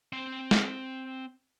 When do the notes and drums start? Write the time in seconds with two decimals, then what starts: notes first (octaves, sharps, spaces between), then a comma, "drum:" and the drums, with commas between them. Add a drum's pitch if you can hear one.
0.13 C4 C6
0.51 drum: snare